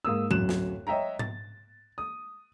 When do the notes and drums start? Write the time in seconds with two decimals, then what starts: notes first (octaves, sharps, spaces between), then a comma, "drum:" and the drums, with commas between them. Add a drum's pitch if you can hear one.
0.05 G#2 A#3 D#6 E6
0.31 D1 F#2 F#6 E7, drum: tom G#2
0.49 drum: snare
0.87 C#5 D#5 E5 G5 A#5
1.19 A6, drum: tom G#2
1.98 D#6